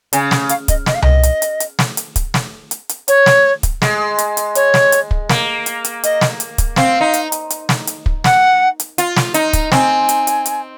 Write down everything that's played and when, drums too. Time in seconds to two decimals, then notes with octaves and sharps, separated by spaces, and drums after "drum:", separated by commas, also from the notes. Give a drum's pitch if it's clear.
0.13 C#3 G#5, drum: hi-hat
0.31 drum: snare
0.49 F5, drum: hi-hat
0.68 D#5, drum: kick, hi-hat
0.86 D#5, drum: snare
0.95 F5
1.02 D#5, drum: tom C2
1.23 drum: hi-hat
1.42 drum: hi-hat
1.60 drum: hi-hat
1.79 drum: snare
1.97 drum: hi-hat
2.16 drum: kick, hi-hat
2.34 drum: snare
2.71 drum: hi-hat
2.89 drum: hi-hat
3.08 C#5, drum: hi-hat
3.26 drum: snare
3.63 drum: kick, hi-hat
3.82 G#3, drum: snare
4.19 drum: hi-hat
4.37 drum: hi-hat
4.55 C#5, drum: hi-hat
4.74 drum: snare
4.92 drum: hi-hat
5.11 drum: kick
5.29 A#3, drum: snare
5.66 drum: hi-hat
5.84 drum: hi-hat
6.04 D#5, drum: hi-hat
6.21 drum: snare
6.40 drum: hi-hat
6.58 drum: kick, hi-hat
6.76 C4 F5, drum: snare
7.01 D#4
7.14 drum: hi-hat
7.32 drum: hi-hat
7.50 drum: hi-hat
7.69 drum: snare
7.87 drum: hi-hat
8.06 drum: kick
8.24 F#5, drum: snare
8.80 drum: hi-hat
8.98 F4, drum: hi-hat
9.16 drum: snare
9.34 D#4, drum: hi-hat
9.53 drum: kick, hi-hat
9.72 C4 G#5, drum: snare
10.09 drum: hi-hat
10.27 drum: hi-hat
10.46 drum: hi-hat